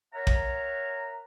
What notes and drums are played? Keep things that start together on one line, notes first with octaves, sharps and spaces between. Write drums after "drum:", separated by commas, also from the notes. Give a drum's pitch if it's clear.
A#4 C#5 E5 F#5 A#5
drum: kick